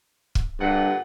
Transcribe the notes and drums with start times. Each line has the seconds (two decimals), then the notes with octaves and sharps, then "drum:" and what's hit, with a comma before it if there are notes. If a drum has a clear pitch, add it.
0.35 drum: kick
0.60 G2 A#2 D3 F#5